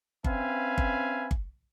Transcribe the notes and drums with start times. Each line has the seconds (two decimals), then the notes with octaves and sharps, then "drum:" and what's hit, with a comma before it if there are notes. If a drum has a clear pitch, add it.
0.24 C4 C#4 B4 E5 F5 G#5, drum: kick G1
0.78 drum: kick G1
1.31 drum: kick G1